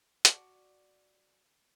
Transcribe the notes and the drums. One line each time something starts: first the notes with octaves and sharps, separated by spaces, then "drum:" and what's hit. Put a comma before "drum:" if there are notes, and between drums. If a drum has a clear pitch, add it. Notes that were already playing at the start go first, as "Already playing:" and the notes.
F#4 D5 A5, drum: hi-hat